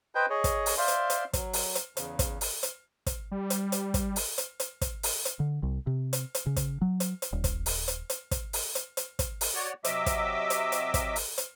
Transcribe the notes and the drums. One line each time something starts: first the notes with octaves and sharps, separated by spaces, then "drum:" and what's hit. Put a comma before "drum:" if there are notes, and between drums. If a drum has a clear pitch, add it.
B4 C5 D#5 G5 G6
G#4 C#5 D#5
drum: kick, hi-hat
drum: open hi-hat
C5 D5 E5 F5 C6
drum: hi-hat
drum: hi-hat
F#3, drum: kick, hi-hat
drum: open hi-hat
drum: hi-hat
E2 C#3, drum: hi-hat
drum: kick, hi-hat
drum: open hi-hat
drum: hi-hat
drum: kick, hi-hat
G3
drum: hi-hat
drum: hi-hat
drum: kick, hi-hat
drum: open hi-hat
drum: hi-hat
drum: hi-hat
drum: kick, hi-hat
drum: open hi-hat
drum: hi-hat
D3
C2
C3
drum: hi-hat
drum: hi-hat
C#3
drum: kick, hi-hat
F#3
drum: hi-hat
drum: hi-hat
D#1
drum: kick, hi-hat
drum: open hi-hat
drum: hi-hat
drum: hi-hat
drum: kick, hi-hat
drum: open hi-hat
drum: hi-hat
drum: hi-hat
drum: kick, hi-hat
drum: open hi-hat
F#4 C#5 D5
C3 F#3 D#5 E5 D6 E6, drum: hi-hat
drum: kick, hi-hat
drum: hi-hat
drum: hi-hat
drum: kick, hi-hat
drum: open hi-hat
drum: hi-hat